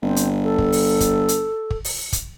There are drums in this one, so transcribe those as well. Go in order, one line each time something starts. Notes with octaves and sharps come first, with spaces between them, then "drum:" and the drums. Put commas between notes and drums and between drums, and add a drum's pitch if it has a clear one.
G1 C4
drum: hi-hat
A4
drum: kick
drum: open hi-hat
drum: kick, hi-hat
drum: hi-hat
drum: kick
drum: open hi-hat
drum: kick, hi-hat